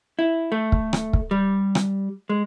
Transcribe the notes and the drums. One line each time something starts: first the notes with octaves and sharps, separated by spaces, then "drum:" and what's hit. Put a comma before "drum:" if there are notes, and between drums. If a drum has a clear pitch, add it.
E4
A3
drum: kick
drum: rim click
drum: kick
G3
drum: rim click
G#3